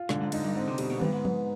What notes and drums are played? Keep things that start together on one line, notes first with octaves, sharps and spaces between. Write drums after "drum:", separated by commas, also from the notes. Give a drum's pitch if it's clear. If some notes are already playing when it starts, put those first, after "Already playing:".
Already playing: F4
G#2 D3, drum: snare
G#2
G#2 D#4, drum: cymbal
G2
G#2 C4
C3
B2 G3, drum: cymbal
B2
G#2
G2 B3, drum: tom D3
G#2
B3, drum: tom F3